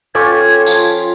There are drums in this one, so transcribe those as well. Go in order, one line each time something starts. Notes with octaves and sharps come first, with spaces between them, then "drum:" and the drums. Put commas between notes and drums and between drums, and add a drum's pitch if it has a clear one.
C#4 F4 A4 C#5 G5 D6 G#6
F3 F5, drum: tambourine